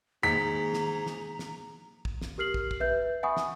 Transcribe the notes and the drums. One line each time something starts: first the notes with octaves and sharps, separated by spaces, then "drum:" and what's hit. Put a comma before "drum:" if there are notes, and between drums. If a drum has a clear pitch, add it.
G#2 D#3 A#3 A#5 B6
drum: snare
drum: snare
drum: snare
drum: kick
drum: snare
G4 A#4 F6 C7 F#7
drum: kick
drum: kick
B4 E5 G6
E5 F#5 G#5 B5 C#6 D#6
drum: snare